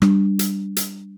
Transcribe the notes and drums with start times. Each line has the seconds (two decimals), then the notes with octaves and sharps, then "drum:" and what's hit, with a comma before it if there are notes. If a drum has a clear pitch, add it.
0.02 G3 D4, drum: rim click
0.39 drum: hi-hat
0.76 drum: hi-hat